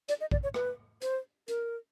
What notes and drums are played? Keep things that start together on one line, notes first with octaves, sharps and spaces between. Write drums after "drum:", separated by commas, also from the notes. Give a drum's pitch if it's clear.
D5, drum: hi-hat
D#5
D5, drum: kick
C#5
B4, drum: rim click
C5, drum: hi-hat
A#4, drum: hi-hat